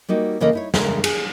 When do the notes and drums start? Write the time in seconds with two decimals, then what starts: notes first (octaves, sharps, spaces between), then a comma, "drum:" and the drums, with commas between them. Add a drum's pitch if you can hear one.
0.09 G3 A#3 D#4 F#4
0.40 C#3 E3 A#3 C#4 A4 D#5
0.53 D#4 E4 C#5
0.74 E2 C#3 G#3 A3 G#4 A#4, drum: snare
1.04 G#4, drum: cymbal